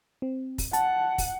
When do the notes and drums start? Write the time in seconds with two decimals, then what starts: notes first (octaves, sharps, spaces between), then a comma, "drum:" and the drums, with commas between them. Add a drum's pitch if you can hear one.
0.22 C4
0.58 drum: kick, open hi-hat
0.73 F#5 A5, drum: hi-hat
1.18 drum: kick, open hi-hat